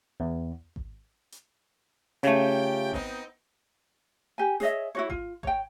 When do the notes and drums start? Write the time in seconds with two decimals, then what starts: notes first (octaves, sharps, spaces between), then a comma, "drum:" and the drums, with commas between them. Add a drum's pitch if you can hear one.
0.20 E2
0.76 drum: kick G#1
1.32 drum: hi-hat
2.23 C#3 A3 F4 G4 G5, drum: hi-hat
2.93 B3 C4 D#4, drum: kick G#1
4.38 G4 G#5
4.60 G#4 C#5 D#5 E5, drum: snare
4.95 E4 F#4 C#5
5.10 F4, drum: kick G#1
5.43 C#5 G5, drum: kick G#1